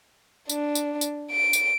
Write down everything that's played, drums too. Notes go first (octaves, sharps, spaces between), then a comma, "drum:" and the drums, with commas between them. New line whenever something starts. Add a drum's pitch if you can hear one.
D4, drum: tambourine
drum: tambourine
drum: tambourine
D7
drum: tambourine